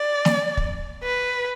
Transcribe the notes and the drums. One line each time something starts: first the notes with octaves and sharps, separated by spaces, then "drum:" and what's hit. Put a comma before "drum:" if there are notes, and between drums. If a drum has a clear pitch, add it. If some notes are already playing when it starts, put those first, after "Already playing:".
Already playing: D5
drum: snare
drum: kick
B4